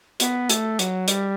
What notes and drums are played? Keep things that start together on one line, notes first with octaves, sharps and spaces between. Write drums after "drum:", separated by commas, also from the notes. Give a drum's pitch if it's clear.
B3, drum: hi-hat
A3, drum: hi-hat
F#3, drum: hi-hat
G3, drum: hi-hat